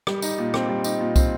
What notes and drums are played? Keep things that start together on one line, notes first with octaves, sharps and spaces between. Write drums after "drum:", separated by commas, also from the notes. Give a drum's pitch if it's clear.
G3, drum: rim click
D#4, drum: tambourine
A#2
C4, drum: rim click
G3
D#4, drum: tambourine
A#2
C4, drum: kick, tambourine